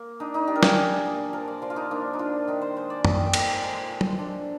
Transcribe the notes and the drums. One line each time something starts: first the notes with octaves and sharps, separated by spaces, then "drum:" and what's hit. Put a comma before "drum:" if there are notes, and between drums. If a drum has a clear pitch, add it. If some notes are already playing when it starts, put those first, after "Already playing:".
Already playing: A#3
D4 D#4
D#4
D4 G4
A#4
G#4, drum: snare
D4
A#2
F3 A#4
D5
F3 C5
F4
D#4
A#3 D4
D#4
D4 F4
D#3 D#4
C5
G#3 C5
D5
C4 D#5, drum: tom
G5
A#2 G#5, drum: cymbal
A#5
G#3 C6
F3
drum: tom
D4